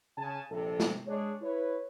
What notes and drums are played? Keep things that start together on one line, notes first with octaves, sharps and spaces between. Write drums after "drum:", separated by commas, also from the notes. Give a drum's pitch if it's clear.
C#3 G#5 A5
A#1 G2 C3 A4
drum: snare
G#3 D4 G#4 C#5
E4 B4 C#5